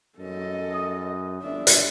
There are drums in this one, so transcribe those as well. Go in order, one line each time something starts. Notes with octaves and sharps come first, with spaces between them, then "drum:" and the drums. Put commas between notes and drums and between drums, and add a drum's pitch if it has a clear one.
F#2 A4 D#5
D#6
G1 D4 E5
drum: hi-hat